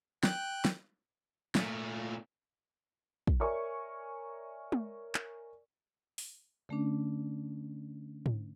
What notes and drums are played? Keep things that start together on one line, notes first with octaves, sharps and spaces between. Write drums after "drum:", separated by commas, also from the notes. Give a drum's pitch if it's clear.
G5 F#6, drum: snare
drum: snare
A#2 A3, drum: snare
drum: kick
A#4 C#5 D5 E5 G#5 C#6
drum: tom
drum: clap
drum: open hi-hat
D3 A3 C#4 D4
drum: tom G#2